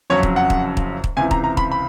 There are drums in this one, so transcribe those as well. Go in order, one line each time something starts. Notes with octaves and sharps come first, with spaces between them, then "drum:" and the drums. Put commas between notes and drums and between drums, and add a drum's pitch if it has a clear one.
F#1 F2 C#3 F#3 C#5
drum: kick
F#5
drum: kick
drum: kick
drum: kick
C#2 C3 E3 G#5
A#5, drum: kick
A#5
B5, drum: kick
B5